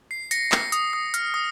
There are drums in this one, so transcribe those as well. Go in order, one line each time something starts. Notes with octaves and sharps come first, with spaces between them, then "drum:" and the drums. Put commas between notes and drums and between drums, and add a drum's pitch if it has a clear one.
C7
A#6 C#7, drum: hi-hat
C7, drum: clap
D#6, drum: hi-hat
D#6
F6, drum: hi-hat
D#6